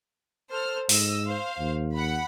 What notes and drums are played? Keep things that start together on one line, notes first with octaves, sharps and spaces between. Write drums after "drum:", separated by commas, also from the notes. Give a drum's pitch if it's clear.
A4 C5 F6
G#2 D#5 E6, drum: open hi-hat
C5 F5
D#2
F#5 B5